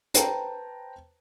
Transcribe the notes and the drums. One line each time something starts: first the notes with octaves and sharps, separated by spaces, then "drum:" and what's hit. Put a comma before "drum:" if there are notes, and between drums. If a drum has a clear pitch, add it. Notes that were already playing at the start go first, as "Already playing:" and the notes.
B4 C5 G5 A5 A#5, drum: hi-hat